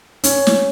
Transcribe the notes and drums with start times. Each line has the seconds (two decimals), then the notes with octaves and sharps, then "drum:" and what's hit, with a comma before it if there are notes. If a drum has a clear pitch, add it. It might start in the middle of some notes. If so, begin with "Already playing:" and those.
0.24 C#4, drum: hi-hat
0.47 drum: snare